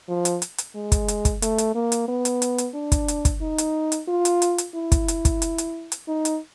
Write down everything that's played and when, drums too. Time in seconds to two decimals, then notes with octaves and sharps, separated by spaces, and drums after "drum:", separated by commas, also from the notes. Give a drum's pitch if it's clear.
0.08 F3
0.25 drum: hi-hat
0.42 drum: hi-hat
0.58 drum: hi-hat
0.75 G#3
0.92 drum: kick, hi-hat
1.08 drum: hi-hat
1.25 drum: kick, hi-hat
1.42 A3, drum: hi-hat
1.58 drum: hi-hat
1.75 A#3
1.92 drum: hi-hat
2.08 B3
2.25 drum: hi-hat
2.42 drum: hi-hat
2.58 drum: hi-hat
2.74 D4
2.92 drum: kick, hi-hat
3.08 drum: hi-hat
3.25 drum: kick, hi-hat
3.41 D#4
3.58 drum: hi-hat
3.92 drum: hi-hat
4.08 F4
4.25 drum: hi-hat
4.42 drum: hi-hat
4.58 drum: hi-hat
4.75 E4
4.92 drum: kick, hi-hat
5.08 drum: hi-hat
5.25 drum: kick, hi-hat
5.42 drum: hi-hat
5.58 drum: hi-hat
5.92 drum: hi-hat
6.08 D#4
6.25 drum: hi-hat